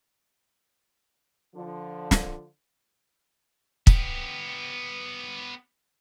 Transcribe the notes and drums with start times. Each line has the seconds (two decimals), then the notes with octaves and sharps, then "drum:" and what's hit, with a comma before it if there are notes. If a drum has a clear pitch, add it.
1.55 D3 F3
2.11 drum: snare
3.87 B3 G4, drum: kick